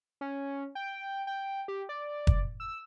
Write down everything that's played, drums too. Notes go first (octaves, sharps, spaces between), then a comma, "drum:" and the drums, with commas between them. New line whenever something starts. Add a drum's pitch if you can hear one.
C#4
G5
G5
G4
D5
drum: kick
E6